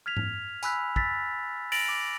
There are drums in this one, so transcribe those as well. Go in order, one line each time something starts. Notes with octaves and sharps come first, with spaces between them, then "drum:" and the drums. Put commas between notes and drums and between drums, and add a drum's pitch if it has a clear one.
F6 G#6 B6 F7
drum: tom G#2
G#5 B5 E6 F#6 B6, drum: tambourine
E6 A6 B6, drum: kick
A6 A#6 D7 F7 F#7, drum: open hi-hat
D6